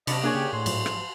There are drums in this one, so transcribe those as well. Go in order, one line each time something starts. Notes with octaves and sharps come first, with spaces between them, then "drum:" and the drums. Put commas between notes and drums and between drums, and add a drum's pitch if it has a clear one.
F#2 C3 D4 D#5 A5 B5 C#6, drum: cymbal
A#3 D4 G#4 C#5
C#3 G4
A2 C6
G#2 F3 F#3, drum: cymbal
drum: rim click